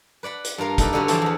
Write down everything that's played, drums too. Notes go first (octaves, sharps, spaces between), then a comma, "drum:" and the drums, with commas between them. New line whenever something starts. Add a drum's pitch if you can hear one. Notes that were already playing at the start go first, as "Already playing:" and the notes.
B4 D5 F#5 B5
drum: hi-hat
G2 F4 A#4 F5
D#4 A4 B4 D5, drum: kick, hi-hat
D3 F#3 G3 B3 C#4
E3 F3 D4 A4 C5 D5, drum: hi-hat
E2 B3